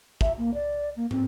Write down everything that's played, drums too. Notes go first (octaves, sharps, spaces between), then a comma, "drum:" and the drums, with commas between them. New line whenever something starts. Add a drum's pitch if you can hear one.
E5, drum: kick
A#3
D5
A#3
C4, drum: tom